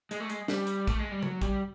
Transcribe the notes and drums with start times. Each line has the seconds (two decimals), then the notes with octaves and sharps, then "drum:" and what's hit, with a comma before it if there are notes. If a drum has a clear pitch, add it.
0.11 G#3, drum: hi-hat
0.20 A3
0.30 G#3, drum: hi-hat
0.48 G3, drum: snare
0.67 drum: hi-hat
0.87 A3, drum: kick, hi-hat
0.99 G#3
1.11 G3
1.23 F#3, drum: tom C#3
1.42 G3, drum: kick, hi-hat